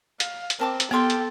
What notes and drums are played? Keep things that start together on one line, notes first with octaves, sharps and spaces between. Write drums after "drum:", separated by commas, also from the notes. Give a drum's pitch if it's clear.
F5, drum: hi-hat
drum: hi-hat
C4 A#4 A5 D6
drum: hi-hat
B3 G4 A4 F5 G5 C6
drum: hi-hat